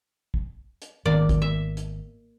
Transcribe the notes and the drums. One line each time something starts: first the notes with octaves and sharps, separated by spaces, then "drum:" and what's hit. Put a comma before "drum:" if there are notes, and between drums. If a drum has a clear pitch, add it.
drum: kick
drum: hi-hat
G#1 D#3 A#3 B3 D5
drum: kick, hi-hat
E5
drum: hi-hat